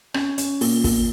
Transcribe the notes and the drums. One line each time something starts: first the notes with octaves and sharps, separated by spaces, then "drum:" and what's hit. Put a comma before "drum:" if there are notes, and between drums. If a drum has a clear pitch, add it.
C#4, drum: rim click
C#4, drum: hi-hat
A#2, drum: open hi-hat
A#2, drum: kick, open hi-hat